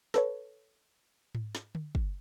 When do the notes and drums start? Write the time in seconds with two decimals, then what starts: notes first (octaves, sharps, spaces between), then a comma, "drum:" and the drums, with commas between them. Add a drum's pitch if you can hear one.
0.14 A4 B4 C#5, drum: snare
1.35 drum: tom G#2
1.55 drum: snare
1.75 drum: tom D3
1.95 drum: kick